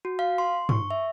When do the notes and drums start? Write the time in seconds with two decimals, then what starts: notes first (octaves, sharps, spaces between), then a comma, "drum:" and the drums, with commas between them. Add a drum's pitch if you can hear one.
0.05 F#4
0.19 F5
0.38 C6
0.69 C#6, drum: tom G2
0.91 E5